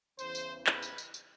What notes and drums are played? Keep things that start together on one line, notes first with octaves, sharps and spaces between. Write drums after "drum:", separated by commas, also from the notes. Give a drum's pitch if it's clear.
E2 C#3 E3 C5, drum: tambourine
drum: tambourine
B4, drum: clap
drum: tambourine
drum: tambourine
drum: tambourine